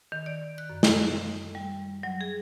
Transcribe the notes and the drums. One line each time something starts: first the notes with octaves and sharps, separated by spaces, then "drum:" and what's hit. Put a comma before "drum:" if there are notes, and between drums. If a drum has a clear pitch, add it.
D#3
D5
F#6
F#2
E4, drum: snare
G3
F#3
G#4